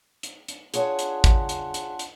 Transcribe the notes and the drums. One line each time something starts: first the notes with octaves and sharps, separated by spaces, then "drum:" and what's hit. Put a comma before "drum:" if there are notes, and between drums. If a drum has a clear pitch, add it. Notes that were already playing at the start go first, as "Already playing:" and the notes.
drum: hi-hat
drum: hi-hat
D4 F4 G#4 C#5 F#5, drum: hi-hat
drum: hi-hat
drum: kick, hi-hat
drum: hi-hat
drum: hi-hat
drum: hi-hat